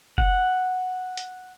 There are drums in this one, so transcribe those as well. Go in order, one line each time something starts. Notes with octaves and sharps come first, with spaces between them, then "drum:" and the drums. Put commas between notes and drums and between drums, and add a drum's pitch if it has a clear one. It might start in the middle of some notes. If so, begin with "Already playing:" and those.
F#5, drum: kick F#1
drum: hi-hat